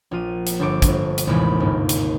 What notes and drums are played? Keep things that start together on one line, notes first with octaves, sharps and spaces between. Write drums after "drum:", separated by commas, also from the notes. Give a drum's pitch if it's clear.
A#1 F4 D#7
drum: hi-hat
G1 A4 C5 C#6 D6
G1, drum: kick, hi-hat
drum: hi-hat
A1 D#2 A2 C3 G#3 B5
G1 G#2 A#3
drum: hi-hat